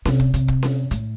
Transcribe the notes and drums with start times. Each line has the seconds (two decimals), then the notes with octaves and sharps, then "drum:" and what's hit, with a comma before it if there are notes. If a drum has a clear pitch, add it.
0.05 C3, drum: snare C#4
0.20 drum: kick
0.34 C3, drum: hi-hat
0.48 drum: kick
0.63 drum: snare C#4
0.91 A2, drum: hi-hat